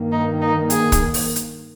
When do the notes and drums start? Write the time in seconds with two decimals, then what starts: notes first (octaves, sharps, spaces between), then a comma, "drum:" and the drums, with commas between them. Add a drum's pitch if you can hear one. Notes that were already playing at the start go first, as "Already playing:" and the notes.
Already playing: G2 D#3 A#3
0.12 D#4
0.41 D#4
0.70 G#4, drum: hi-hat
0.92 drum: kick, hi-hat
1.14 drum: open hi-hat
1.36 drum: hi-hat